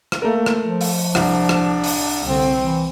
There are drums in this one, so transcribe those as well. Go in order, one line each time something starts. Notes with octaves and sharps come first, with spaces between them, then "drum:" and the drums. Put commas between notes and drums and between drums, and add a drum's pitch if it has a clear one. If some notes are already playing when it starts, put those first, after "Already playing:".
drum: rim click
A3 A#3 A#4
drum: rim click
F3
drum: open hi-hat
C2 D4, drum: rim click
drum: rim click
drum: open hi-hat
C2 D3 C4
E3